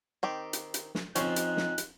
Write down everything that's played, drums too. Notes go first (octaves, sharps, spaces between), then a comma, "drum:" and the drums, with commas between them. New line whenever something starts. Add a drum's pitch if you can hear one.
D#3 C4 G4
drum: hi-hat
drum: hi-hat
drum: snare
F2 F3 C#4 D#4 C5 F#6, drum: hi-hat
drum: hi-hat
drum: snare
drum: hi-hat